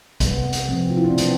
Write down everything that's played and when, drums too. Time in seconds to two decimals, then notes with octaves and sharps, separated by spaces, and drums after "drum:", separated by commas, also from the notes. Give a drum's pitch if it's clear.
0.20 C3 G3 B3, drum: kick A#1, hi-hat
0.53 drum: hi-hat
0.69 C3 F3 A3 C4
0.90 F4
0.97 E4
1.04 D4
1.10 C4
1.18 C3 E3 A3 B3, drum: hi-hat